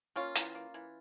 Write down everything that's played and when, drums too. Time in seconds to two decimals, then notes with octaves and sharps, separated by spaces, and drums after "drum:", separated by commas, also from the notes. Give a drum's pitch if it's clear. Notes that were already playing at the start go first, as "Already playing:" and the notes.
0.16 A#3 C#4 F4
0.36 E3, drum: hi-hat
0.55 A#3
0.74 E3